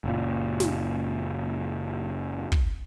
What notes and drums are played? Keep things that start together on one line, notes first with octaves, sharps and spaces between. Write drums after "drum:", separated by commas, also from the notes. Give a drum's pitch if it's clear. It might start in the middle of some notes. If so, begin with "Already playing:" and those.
F#1 A#2
drum: snare
drum: kick